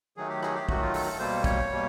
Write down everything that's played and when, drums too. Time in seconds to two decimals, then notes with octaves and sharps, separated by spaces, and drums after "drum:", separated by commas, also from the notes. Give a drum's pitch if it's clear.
0.17 D#3 F#3 A3 G#4
0.29 G4
0.43 G#4, drum: rim click
0.55 G4
0.69 D#3 F#3 A3 F#4, drum: kick
0.82 F4
0.94 A4, drum: open hi-hat
1.06 A4
1.19 B2 G3 A#3 C5
1.44 C#5, drum: kick, hi-hat
1.71 B2 G3 A#3